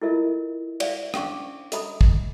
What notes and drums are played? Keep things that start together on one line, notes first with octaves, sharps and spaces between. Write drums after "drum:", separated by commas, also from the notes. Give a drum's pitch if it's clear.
E4 F4 A4 A#4 D#5 E5
D5 E5 F5, drum: cymbal
C#4 D4 F5 C#6 D6, drum: rim click
A4 D#5 E5 A#5 B5 D#6, drum: hi-hat
drum: kick